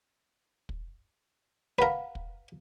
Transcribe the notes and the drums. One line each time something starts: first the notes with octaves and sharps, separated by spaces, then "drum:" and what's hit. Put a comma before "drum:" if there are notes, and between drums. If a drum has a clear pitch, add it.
drum: kick
A#4 B4 F5 F#5 B5
drum: kick